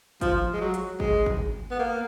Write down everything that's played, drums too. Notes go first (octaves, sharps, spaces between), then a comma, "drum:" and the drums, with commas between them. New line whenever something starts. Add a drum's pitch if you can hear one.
F3, drum: kick, hi-hat
G#3
F#3
drum: hi-hat
G#3, drum: kick
drum: kick
B3
A#3